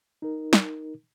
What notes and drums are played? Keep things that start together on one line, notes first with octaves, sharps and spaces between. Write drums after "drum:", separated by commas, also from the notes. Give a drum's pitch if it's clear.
D#4 A#4
drum: snare